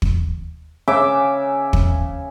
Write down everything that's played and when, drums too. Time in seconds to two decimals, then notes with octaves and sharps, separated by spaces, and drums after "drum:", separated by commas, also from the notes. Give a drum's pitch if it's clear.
0.02 drum: kick
0.88 C#3 E5 D6
1.73 drum: kick